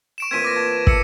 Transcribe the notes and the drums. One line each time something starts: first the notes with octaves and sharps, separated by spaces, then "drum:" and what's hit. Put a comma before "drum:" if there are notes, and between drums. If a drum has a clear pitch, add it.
C#6 D7 E7
A#2 E3 C4 G#6 B6 D#7
D6 A#6
A5 G#6
A3 E6 C#7, drum: kick